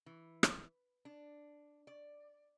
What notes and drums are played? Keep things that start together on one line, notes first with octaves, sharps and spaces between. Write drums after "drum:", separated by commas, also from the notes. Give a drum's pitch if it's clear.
E3
drum: rim click
D4
D5